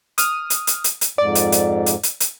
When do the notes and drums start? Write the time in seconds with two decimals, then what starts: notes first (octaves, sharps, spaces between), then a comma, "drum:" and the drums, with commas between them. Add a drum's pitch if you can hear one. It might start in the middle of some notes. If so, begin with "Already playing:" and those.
0.18 D#6 F6, drum: hi-hat
0.50 drum: hi-hat
0.67 drum: hi-hat
0.84 drum: hi-hat
1.01 drum: hi-hat
1.18 F2 G#2 D5
1.35 drum: hi-hat
1.52 drum: hi-hat
1.86 drum: hi-hat
2.03 drum: hi-hat
2.20 drum: hi-hat